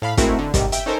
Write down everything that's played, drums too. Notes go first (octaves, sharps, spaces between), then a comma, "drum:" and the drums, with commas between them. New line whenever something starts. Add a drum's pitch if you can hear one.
A2 F5 B5
G#3 A3 C4 E4 F#4 A#4, drum: kick, hi-hat
D3
G#2 C3 D#3 G3, drum: kick, hi-hat
E5 G5, drum: hi-hat
C#4 D#4 A4 A#4 C5